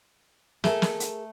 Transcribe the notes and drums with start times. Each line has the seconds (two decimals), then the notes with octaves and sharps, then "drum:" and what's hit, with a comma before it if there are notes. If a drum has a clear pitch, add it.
0.64 A3 G#4 A#4, drum: snare
0.82 drum: snare
1.00 drum: hi-hat